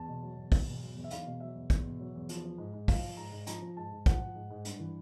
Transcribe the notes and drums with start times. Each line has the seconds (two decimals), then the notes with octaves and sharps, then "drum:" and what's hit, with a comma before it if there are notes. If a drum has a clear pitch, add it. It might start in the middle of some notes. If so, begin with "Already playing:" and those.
Already playing: E2 A5
0.08 B2
0.23 F#3
0.37 E2
0.52 E2, drum: kick, open hi-hat
0.68 B2
0.82 F#3
0.97 E2
1.04 E5
1.11 E2 F5, drum: hi-hat
1.26 B2
1.40 F#3 E5
1.56 E2
1.70 E2, drum: kick, hi-hat
1.86 B2
2.00 F#3
2.15 E2
2.29 F3, drum: hi-hat
2.45 F3
2.58 G#2
2.73 G#2
2.88 F3 F5, drum: kick, open hi-hat
3.03 F3
3.17 G#2 A#5
3.32 G#2
3.47 F3 A#5, drum: hi-hat
3.62 F3
3.77 G#2 A5
3.92 G#2
4.06 F3 F#5, drum: kick, hi-hat
4.21 F3
4.35 G#2
4.50 G#2
4.65 G2, drum: hi-hat
4.79 E3